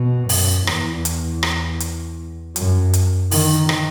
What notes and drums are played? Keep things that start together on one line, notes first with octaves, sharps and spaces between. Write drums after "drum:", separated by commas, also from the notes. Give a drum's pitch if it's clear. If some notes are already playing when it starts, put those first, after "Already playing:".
Already playing: B2
F#2, drum: open hi-hat
E2, drum: rim click
drum: hi-hat
drum: rim click
drum: hi-hat
F#2, drum: hi-hat
drum: hi-hat
D#3, drum: open hi-hat
drum: rim click